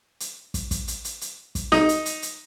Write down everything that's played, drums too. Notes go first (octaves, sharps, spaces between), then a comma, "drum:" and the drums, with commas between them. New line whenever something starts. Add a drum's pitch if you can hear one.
drum: hi-hat
drum: kick, hi-hat
drum: kick, hi-hat
drum: hi-hat
drum: hi-hat
drum: hi-hat
drum: kick, hi-hat
D#4, drum: snare
drum: hi-hat
drum: hi-hat
drum: hi-hat